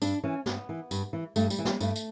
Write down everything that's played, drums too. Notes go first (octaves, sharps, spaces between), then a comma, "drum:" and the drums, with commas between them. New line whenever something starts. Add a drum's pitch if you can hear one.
G2 D4, drum: tambourine
E3 C#4
G2 B3, drum: snare
E3
G2, drum: tambourine
E3
G2 A3, drum: tambourine
G3, drum: tambourine
E3
G3, drum: snare
G2 A3, drum: tambourine
drum: tambourine